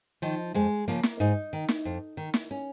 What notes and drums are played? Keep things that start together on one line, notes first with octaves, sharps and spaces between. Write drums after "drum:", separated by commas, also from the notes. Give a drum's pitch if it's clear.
D#3 F3
F2 G#3
C#3 F3 A#3
drum: snare
G#2 D#4
D#3
drum: snare
F2
D#3
drum: snare
C#4